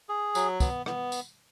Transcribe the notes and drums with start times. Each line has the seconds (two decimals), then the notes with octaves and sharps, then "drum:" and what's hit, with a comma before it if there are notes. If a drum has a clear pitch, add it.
0.09 G#4
0.35 F#3, drum: tambourine
0.60 B3, drum: kick, tambourine
0.86 B3, drum: rim click
1.12 drum: tambourine